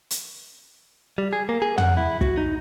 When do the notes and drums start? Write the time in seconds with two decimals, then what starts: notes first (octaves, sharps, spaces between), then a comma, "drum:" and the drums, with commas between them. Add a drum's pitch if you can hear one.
0.11 drum: hi-hat
1.18 G3
1.33 G#4
1.49 A#3
1.62 G#4
1.78 F#5, drum: tom
1.97 E4
2.21 F#4, drum: kick
2.38 D#4